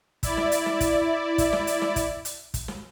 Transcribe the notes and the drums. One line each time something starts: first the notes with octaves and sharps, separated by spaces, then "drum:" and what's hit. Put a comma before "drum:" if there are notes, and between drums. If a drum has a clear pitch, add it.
E4 D5, drum: kick, hi-hat
drum: snare
drum: hi-hat
drum: snare
drum: kick, hi-hat
drum: kick, hi-hat
drum: snare
drum: hi-hat
drum: snare
drum: kick, hi-hat
drum: hi-hat
drum: kick, hi-hat
drum: snare